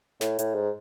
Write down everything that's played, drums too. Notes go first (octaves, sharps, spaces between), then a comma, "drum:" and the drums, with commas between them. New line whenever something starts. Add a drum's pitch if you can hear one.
A2, drum: snare
A2, drum: hi-hat
G#2